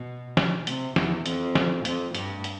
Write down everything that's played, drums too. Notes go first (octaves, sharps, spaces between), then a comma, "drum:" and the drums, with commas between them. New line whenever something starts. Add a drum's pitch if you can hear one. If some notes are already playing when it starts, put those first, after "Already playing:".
Already playing: B2
drum: snare
C3, drum: hi-hat
E2, drum: snare
F2, drum: hi-hat
drum: snare
F2, drum: hi-hat
G2, drum: hi-hat
drum: hi-hat